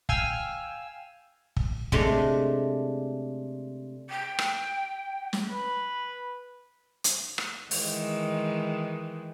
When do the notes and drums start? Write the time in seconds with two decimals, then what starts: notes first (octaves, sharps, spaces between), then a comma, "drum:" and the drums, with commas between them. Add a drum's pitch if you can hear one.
0.09 F5 G5 G#5 E6 F6, drum: kick
1.57 drum: kick
1.92 C3 G#3 A3 D4, drum: kick
4.10 G5
4.39 drum: rim click
5.33 drum: snare
5.51 B4
7.04 drum: hi-hat
7.38 drum: rim click
7.71 D#3 E3 G#3, drum: open hi-hat